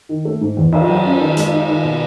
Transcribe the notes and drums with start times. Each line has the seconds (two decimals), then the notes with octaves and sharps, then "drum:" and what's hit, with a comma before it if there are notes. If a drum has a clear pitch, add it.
0.09 D#3
0.25 A3
0.41 G#2
0.57 E2
0.73 D#3, drum: cymbal
0.88 F#3
1.05 C#4
1.20 D#3
1.37 G#3, drum: hi-hat
1.52 D#4
1.68 D#3
1.84 B2